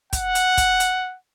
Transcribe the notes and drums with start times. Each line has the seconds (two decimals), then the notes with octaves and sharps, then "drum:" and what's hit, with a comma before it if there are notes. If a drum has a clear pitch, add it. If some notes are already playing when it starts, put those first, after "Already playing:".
0.13 F#5, drum: kick, hi-hat
0.35 drum: hi-hat
0.58 drum: kick, hi-hat
0.80 drum: hi-hat